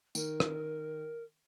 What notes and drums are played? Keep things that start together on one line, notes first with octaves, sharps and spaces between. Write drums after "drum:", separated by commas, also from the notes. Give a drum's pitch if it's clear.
D#3 A#4, drum: tambourine
drum: rim click